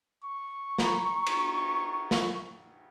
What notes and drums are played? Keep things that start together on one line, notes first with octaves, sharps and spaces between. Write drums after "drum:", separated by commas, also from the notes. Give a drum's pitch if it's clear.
C#6
A#5 B5, drum: snare
drum: cymbal
drum: snare